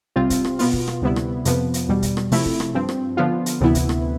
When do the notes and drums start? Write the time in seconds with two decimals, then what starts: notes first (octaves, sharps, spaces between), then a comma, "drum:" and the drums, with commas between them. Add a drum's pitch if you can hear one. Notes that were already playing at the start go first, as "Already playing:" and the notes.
0.16 C2 C3 G3 C4 F4
0.30 drum: kick, hi-hat
0.45 drum: rim click
0.59 B2 B3 F4, drum: open hi-hat
0.73 drum: kick
0.88 drum: rim click
1.02 D2 C3 G3 B3 E4
1.16 drum: rim click
1.45 F2 C3 F3 B3, drum: hi-hat
1.74 drum: hi-hat
1.88 E2 B2 G3
2.02 drum: kick, hi-hat
2.17 drum: rim click
2.32 C3 F3 A3 E4, drum: open hi-hat
2.46 drum: kick
2.60 drum: rim click
2.74 G2 F3 C4
2.89 drum: rim click
3.17 D3 F3 B3 F4
3.46 drum: hi-hat
3.60 D2 C3 E3 B3 E4
3.75 drum: kick, hi-hat
3.89 drum: rim click